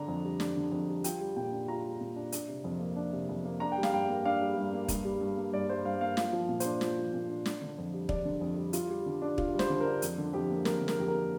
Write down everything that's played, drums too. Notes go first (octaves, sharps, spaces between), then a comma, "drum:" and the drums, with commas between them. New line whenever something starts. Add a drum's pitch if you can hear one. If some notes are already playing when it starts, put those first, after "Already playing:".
Already playing: D3 D4 A#5
F2
G3
D4, drum: snare
D3
F2
G3
F4 G5, drum: hi-hat
G3
A#2 G5
D4
F4 A#5
G3
A#2
D4
D4, drum: hi-hat
C3
F2
A#3
D4
C3
F2
A#3
D4 A#5
G5
G3
F5, drum: snare
G2 G5
A#3
D4 F5
G3
G2
A#3
G2, drum: kick, hi-hat
G3
G2
A#3
G2 D5
G3 C5
G2 F5
A#3 F5
F4 F5, drum: snare
F3
A#2
D4 C5, drum: hi-hat
F4, drum: snare
F3
A#2
D4
D4, drum: snare
D3
F2
G3
D4 D5, drum: kick
D3
F2
G3
F4, drum: hi-hat
G3
D3
D4
F4, drum: kick
G3
C5, drum: snare
D3
D4 A#4
F2, drum: hi-hat
D3
F2 G4
A#3
F2 A#4, drum: snare
D3
A#4, drum: snare
F2 G4
A#4
A#3